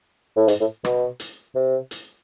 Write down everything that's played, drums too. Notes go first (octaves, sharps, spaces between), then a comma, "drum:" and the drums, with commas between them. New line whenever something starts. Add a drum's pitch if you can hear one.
A2
G#2, drum: hi-hat
A2
B2, drum: rim click
drum: hi-hat
C3
drum: hi-hat